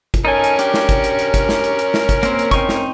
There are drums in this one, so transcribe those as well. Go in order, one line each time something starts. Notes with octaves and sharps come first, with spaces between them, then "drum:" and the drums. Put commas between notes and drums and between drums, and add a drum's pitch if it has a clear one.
drum: kick, hi-hat
C#4 D#4 A4 A#4 G#5
drum: hi-hat
D4 G4, drum: hi-hat
drum: snare
drum: kick, hi-hat
drum: hi-hat
drum: hi-hat
drum: kick, hi-hat
drum: snare
drum: hi-hat
drum: hi-hat
drum: snare
drum: kick, hi-hat
A#3 C4, drum: hi-hat
drum: hi-hat
C4 D#4 C#6, drum: kick, hi-hat
drum: snare